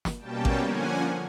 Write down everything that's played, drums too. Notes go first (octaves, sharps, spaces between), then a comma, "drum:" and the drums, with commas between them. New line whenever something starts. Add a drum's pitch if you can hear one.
drum: snare
B2 G3 A#3 C#4 G5 A5
drum: kick A1
D3 F3 A#3 C#4 F#5 G#5